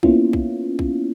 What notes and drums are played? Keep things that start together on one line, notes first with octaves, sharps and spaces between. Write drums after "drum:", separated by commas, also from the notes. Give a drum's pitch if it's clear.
A#3 B3 C#4 E4 F4, drum: kick
drum: kick
drum: kick